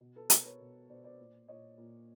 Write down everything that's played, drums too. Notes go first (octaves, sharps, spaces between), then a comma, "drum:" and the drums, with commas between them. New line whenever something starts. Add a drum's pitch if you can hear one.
B2
A4 B4
B2 A#4 C5, drum: hi-hat
B4 C#5
B2
B2 C5 D5
C5 D5
A#2
A#2 C#5 D#5
A#2